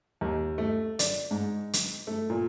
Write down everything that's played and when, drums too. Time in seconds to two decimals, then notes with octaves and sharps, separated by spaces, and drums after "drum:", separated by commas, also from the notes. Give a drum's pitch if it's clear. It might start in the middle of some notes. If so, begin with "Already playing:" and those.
0.21 D#2
0.58 A3
0.99 D5, drum: hi-hat
1.31 G#2
1.73 drum: hi-hat
2.07 A3
2.30 A#2